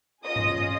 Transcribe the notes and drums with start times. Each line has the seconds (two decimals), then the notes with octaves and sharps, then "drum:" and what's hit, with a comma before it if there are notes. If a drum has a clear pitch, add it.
0.24 C#4 F4 G#4 D#5 D#6
0.36 drum: tom G2